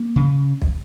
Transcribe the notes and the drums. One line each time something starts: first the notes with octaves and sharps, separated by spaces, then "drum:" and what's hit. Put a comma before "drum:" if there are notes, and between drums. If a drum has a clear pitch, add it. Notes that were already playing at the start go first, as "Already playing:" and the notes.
Already playing: A#3
C#3
drum: kick